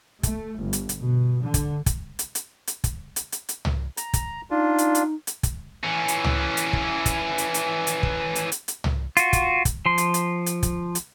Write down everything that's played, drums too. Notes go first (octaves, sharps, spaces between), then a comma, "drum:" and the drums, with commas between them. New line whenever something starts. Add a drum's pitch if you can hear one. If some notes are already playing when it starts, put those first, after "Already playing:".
A3, drum: kick, hi-hat
G1
drum: hi-hat
drum: hi-hat
B2
D3
drum: kick, hi-hat
drum: kick, hi-hat
drum: hi-hat
drum: hi-hat
drum: hi-hat
drum: kick, hi-hat
drum: hi-hat
drum: hi-hat
drum: hi-hat
drum: tom
A#5, drum: hi-hat
drum: kick, hi-hat
D4 D#4 F4
drum: hi-hat
drum: hi-hat
drum: hi-hat
drum: kick, hi-hat
E3 C#4
drum: hi-hat
drum: tom
drum: hi-hat
drum: kick
drum: kick, hi-hat
drum: hi-hat
drum: hi-hat
drum: hi-hat
drum: kick
drum: hi-hat
drum: hi-hat
drum: hi-hat
drum: tom
F4 F#4, drum: hi-hat
drum: kick, hi-hat
drum: kick, hi-hat
F3 C6
drum: hi-hat
drum: hi-hat
drum: hi-hat
drum: kick, hi-hat
drum: hi-hat